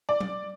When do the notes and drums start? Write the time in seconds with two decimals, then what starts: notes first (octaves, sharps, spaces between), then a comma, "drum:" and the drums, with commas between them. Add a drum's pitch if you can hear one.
0.09 D5
0.21 drum: tom F#3